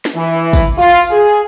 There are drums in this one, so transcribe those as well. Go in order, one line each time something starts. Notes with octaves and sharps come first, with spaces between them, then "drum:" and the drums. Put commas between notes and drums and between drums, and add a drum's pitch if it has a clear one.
drum: snare
E3
drum: kick, tambourine
F4
drum: tambourine
G#4